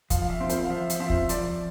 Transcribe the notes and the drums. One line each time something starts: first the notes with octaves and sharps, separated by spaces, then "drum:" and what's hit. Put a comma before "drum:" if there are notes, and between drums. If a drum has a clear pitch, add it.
F3 F5, drum: kick, hi-hat
F5
E5
C4 F4
C5, drum: hi-hat
F5
F3 E5
drum: hi-hat
C4 F4 E5
drum: kick
F3 D5, drum: hi-hat